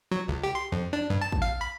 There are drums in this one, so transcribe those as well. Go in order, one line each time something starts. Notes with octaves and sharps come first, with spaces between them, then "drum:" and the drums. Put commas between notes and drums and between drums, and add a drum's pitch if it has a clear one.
F#3
C#2
G4
C6
F2
D4
G2
A5
drum: kick
F5
B5